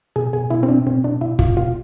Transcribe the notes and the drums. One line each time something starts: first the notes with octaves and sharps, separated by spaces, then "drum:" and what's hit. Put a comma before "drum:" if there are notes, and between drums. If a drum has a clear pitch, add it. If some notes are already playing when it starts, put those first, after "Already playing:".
B2 G#4
B2 G#4
B2 E4
C4
B2 D4
B2 C4
B2 D4
B2 E4
B2 F4, drum: kick
B2 F4